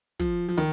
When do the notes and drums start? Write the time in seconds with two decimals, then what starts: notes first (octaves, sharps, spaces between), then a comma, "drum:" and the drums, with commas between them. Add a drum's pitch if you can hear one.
0.19 F3, drum: kick
0.49 F3
0.58 D#3